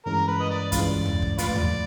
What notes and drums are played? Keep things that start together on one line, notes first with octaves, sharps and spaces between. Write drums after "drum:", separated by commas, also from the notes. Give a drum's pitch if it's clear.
G2 E3 G#3 C#4 A#4
B4
D#5
D5
G2 E3 G#3 C#4 F4 B4 D5, drum: kick, hi-hat
drum: tom D#2
drum: kick
A2 F3 A3 F4 B4 D5, drum: hi-hat
drum: tom D#2